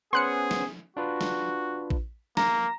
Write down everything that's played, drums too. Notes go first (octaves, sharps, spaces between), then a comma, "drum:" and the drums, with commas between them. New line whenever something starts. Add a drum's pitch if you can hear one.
B3 C#4 G#4 C5 C6 F#6 C#7
drum: snare
D4 F4 F#4 B4
drum: snare
drum: kick A#1
A#3 A#5 A#6, drum: snare